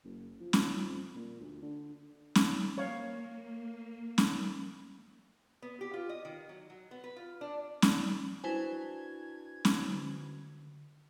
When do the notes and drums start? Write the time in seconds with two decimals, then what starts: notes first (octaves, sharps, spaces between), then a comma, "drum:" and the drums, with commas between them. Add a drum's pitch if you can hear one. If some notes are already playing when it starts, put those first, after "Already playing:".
0.04 F#1
0.40 F3
0.53 drum: snare C#4
0.70 F2
1.15 A#2
1.40 D2
1.62 D3
2.35 drum: snare C#4
2.78 A#3 C#5 F5
4.18 drum: snare C#4
5.62 B3
5.81 G4
5.94 F4
6.09 D#5
6.25 D#3
6.49 F#3
6.70 F#3
6.91 B3
7.04 B4
7.16 F4
7.41 D4
7.82 drum: snare C#4
8.44 D4 E4 F#4 B4 C5 G#5 G#6
9.65 drum: snare C#4
9.89 D3